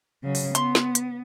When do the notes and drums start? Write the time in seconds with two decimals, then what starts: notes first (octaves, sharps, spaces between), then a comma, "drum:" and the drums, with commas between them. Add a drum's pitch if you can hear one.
0.24 C#3 F#3
0.35 drum: open hi-hat
0.55 B3 C6, drum: hi-hat
0.75 drum: snare
0.95 drum: hi-hat